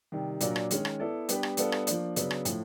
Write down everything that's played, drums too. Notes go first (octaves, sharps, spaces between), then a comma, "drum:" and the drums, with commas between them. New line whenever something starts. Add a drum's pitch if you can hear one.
C3 D#3 G3
A#2 F#3 A#3 D4, drum: hi-hat
drum: rim click
D#3 G#3 C#4, drum: hi-hat
drum: rim click
B3 E4 A4 D5
G3 B3 D4 G4 B4, drum: hi-hat
drum: rim click
G3 B3 D4 F4 A4, drum: hi-hat
drum: rim click
F3 A#3 D4, drum: hi-hat
C#3 F#3 B3 D4, drum: hi-hat
drum: rim click
A2 F3, drum: hi-hat